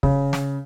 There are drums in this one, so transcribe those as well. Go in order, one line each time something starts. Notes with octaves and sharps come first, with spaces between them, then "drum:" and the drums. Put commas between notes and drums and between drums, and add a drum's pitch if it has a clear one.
C#3, drum: kick
drum: snare